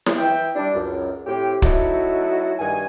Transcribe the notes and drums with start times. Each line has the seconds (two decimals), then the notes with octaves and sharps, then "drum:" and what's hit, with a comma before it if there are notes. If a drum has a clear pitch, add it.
0.06 drum: snare E4
0.18 E3 E5 G5
0.55 G3 D4
0.75 C#2 F#2
1.27 A2 C4 G4
1.62 F#3 A3 D#4 E4 F#4, drum: kick
2.59 G2 D#3 G#5